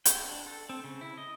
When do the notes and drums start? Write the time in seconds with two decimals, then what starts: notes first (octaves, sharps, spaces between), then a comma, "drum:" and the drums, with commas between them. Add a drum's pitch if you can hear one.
0.05 G5, drum: hi-hat
0.24 D4
0.46 A4
0.69 C4
0.84 C#3
1.01 E4
1.17 D#5